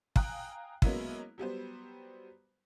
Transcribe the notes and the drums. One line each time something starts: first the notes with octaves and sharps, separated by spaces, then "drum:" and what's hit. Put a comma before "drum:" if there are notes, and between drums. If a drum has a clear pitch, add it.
F5 G5 G#5 A#5 D#6 F#6, drum: kick
F#3 G#3 A#3 B3 C#4 E4, drum: kick
F#3 G3 B3 C5